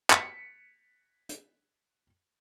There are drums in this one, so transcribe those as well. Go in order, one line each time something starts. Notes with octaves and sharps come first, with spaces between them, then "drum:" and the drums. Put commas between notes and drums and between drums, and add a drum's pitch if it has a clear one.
B6 C#7, drum: clap
drum: hi-hat